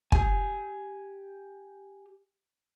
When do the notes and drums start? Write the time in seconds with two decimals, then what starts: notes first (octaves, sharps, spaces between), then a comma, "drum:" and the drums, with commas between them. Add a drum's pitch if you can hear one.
0.12 G4 G#5, drum: kick